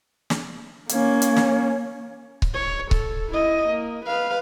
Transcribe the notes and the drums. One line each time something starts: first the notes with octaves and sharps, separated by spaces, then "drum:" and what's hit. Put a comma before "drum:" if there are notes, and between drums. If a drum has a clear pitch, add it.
drum: snare
A#3 C#4, drum: hi-hat
drum: hi-hat
drum: snare
drum: kick C#1
C#5
A4, drum: kick C#1
E4 D#5
A#3
B4 F5